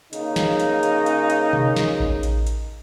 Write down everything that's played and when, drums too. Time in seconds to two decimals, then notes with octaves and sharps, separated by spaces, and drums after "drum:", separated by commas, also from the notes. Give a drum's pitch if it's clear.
0.13 C#3 A#3 D#4, drum: hi-hat
0.36 drum: snare
0.60 drum: hi-hat
0.83 drum: hi-hat
1.06 drum: hi-hat
1.30 drum: hi-hat
1.53 drum: tom B2
1.76 drum: snare
2.00 drum: kick A1
2.23 drum: hi-hat
2.47 drum: hi-hat